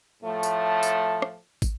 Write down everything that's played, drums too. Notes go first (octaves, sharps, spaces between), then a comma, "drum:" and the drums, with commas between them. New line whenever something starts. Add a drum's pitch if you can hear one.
A2 F3 A3
drum: tambourine
drum: tambourine
drum: rim click
drum: kick, tambourine